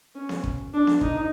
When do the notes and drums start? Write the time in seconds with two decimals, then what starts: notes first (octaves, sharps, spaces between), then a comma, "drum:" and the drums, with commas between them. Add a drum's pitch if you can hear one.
0.15 C#4
0.29 drum: snare B3
0.44 drum: kick
0.73 D4
0.87 drum: snare B3
1.01 D#4, drum: kick